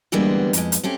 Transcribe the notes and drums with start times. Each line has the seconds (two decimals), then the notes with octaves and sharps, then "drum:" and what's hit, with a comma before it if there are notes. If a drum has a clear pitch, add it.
0.12 D3 E3 G3 G#3 A#3 B3
0.53 F2 G#3, drum: hi-hat
0.72 drum: hi-hat
0.83 A3 C4 C#4 G4